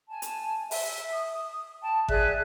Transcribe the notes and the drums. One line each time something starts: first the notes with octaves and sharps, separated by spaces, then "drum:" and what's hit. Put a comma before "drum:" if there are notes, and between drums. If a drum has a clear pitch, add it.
G#5 A5
drum: hi-hat
E5, drum: open hi-hat
D#6
G5 A5
G#4 D5 E5 F#6, drum: kick G#1